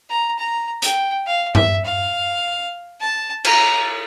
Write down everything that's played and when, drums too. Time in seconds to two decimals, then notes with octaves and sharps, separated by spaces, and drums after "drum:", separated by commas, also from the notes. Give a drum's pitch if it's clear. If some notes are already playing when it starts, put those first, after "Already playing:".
0.10 A#5
0.39 A#5
0.82 G5, drum: hi-hat
1.27 F5
1.55 E5, drum: tom G2
1.85 F5
3.00 A5
3.44 A#5, drum: cymbal